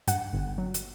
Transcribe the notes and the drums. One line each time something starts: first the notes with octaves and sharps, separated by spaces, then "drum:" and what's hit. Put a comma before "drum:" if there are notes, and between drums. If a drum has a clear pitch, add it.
G2 F#5, drum: hi-hat
G1
F#3
drum: hi-hat